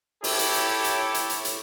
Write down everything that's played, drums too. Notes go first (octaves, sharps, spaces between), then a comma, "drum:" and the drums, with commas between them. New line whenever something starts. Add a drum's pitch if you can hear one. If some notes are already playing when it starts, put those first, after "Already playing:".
E4 G4 A4 C#5, drum: open hi-hat
drum: hi-hat
drum: hi-hat
drum: hi-hat
drum: hi-hat
drum: hi-hat
drum: hi-hat